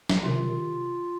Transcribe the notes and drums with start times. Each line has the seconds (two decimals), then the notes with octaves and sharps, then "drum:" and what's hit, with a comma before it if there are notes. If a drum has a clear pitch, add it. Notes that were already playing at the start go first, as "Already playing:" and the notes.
0.09 drum: snare
0.24 C3 D#3 F4